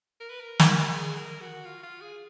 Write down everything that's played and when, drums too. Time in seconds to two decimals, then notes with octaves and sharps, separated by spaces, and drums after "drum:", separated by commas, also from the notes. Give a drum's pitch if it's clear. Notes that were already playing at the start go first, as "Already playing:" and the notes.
0.20 A#4
0.30 B4
0.40 A#4
0.60 drum: snare
0.93 G#4
1.17 A#4
1.41 F#4
1.65 F4
1.83 F4
2.01 G#4